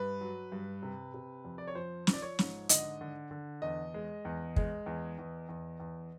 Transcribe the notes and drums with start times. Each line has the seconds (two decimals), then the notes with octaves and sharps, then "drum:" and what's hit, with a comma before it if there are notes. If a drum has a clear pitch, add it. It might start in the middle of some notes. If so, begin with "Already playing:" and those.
Already playing: G2 B4
0.21 F#3
0.52 G2
0.82 C3
1.14 C3
1.45 F2
1.58 D5
1.67 C#5
1.75 F3 C5
2.07 F3, drum: snare
2.13 D5
2.22 C#5
2.39 G#2, drum: snare
2.69 D3 D#5, drum: hi-hat
3.01 D3
3.31 D3
3.62 E2 D#5
3.94 G#3
4.25 E2
4.56 G#3, drum: kick
4.86 E2
5.19 E2
5.49 E2
5.80 E2